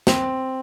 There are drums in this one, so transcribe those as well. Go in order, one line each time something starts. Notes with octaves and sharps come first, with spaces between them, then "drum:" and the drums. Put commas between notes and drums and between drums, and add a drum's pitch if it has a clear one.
C4, drum: snare